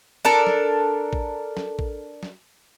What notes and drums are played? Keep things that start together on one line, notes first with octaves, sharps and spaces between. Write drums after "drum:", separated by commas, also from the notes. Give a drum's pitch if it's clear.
D4 A4 A#4
drum: snare
drum: kick A1
drum: snare
drum: kick A1
drum: snare